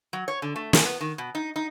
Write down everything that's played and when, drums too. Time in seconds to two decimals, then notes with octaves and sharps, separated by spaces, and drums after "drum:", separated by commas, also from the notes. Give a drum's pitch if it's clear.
0.13 F#3
0.28 C#5
0.42 D3
0.56 A3
0.73 F#2, drum: snare
0.85 B3
1.01 D#3
1.18 B2
1.35 D#4
1.56 D#4